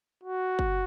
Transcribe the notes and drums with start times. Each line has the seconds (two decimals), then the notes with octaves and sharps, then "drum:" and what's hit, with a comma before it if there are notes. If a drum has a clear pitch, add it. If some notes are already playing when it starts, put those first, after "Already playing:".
0.24 F#4
0.59 drum: kick F#1